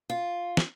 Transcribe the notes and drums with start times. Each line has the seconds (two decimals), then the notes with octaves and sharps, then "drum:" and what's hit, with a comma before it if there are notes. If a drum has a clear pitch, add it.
0.10 F4
0.57 drum: snare